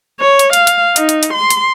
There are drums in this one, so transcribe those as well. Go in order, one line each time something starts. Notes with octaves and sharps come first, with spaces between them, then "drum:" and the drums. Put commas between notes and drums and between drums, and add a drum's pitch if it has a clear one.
C#5
drum: hi-hat
F5, drum: hi-hat
drum: hi-hat
D#4, drum: hi-hat
drum: hi-hat
drum: hi-hat
C6
drum: hi-hat